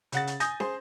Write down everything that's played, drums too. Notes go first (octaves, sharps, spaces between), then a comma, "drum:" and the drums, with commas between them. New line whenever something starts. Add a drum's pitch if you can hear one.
C#3 F#5 A6, drum: hi-hat
drum: hi-hat
G#5 D#6 G6 A#6, drum: hi-hat
G#4 C5 C6, drum: snare